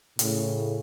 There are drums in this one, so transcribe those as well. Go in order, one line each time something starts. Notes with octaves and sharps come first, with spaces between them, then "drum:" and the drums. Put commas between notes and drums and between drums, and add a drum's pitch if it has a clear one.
A2 C#3, drum: hi-hat